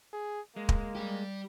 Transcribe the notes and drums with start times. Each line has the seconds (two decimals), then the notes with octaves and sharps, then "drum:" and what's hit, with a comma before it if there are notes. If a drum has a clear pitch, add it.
0.13 G#4
0.56 G#3 A#3
0.69 drum: kick
0.95 G3 G4